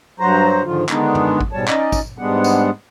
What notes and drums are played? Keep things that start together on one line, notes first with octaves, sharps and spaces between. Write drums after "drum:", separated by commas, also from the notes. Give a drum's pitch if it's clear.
G2 F#3 F#4 C5 A#5
G#2 D3 D#3 F3 F4
D3 D#3 G#3 B3 D4 D#4, drum: clap
drum: tom
drum: kick
G#2 B2 G3 C#5 A5
C#4 D#4 D5 D#5, drum: clap
drum: kick, tambourine
G#2 G3 G#3 B3 D4 F#5
drum: tambourine